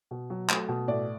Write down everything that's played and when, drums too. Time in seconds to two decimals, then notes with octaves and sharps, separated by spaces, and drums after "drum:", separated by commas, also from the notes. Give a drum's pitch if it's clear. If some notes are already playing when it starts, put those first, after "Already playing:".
0.11 B2
0.30 F#3
0.50 A3, drum: clap
0.69 B2
0.88 A2 D5